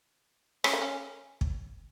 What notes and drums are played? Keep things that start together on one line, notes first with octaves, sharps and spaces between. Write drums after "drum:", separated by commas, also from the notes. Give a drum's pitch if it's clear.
C#4, drum: rim click
A#3
C#4
drum: kick